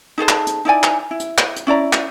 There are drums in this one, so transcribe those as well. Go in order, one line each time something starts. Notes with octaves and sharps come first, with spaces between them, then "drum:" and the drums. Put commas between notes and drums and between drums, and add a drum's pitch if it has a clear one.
D#4 G#4 A4 C5
drum: clap
drum: hi-hat
D#4 E4 D5 G#5
drum: clap
E4
drum: hi-hat
drum: clap
drum: hi-hat
C#4 E4 D5 A#5
drum: clap